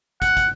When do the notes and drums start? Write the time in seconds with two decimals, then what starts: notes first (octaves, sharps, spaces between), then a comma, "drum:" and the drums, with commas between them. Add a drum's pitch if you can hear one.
0.22 F#5, drum: kick, hi-hat
0.37 drum: kick, hi-hat